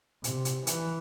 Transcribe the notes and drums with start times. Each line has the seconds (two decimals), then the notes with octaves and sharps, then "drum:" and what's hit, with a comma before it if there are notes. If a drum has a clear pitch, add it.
0.24 C3, drum: hi-hat
0.45 drum: hi-hat
0.67 E3, drum: hi-hat